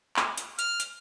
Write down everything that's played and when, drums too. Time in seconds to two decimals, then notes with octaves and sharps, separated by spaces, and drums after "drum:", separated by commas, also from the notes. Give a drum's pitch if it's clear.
0.16 drum: clap
0.38 drum: hi-hat
0.59 F6, drum: hi-hat
0.80 drum: hi-hat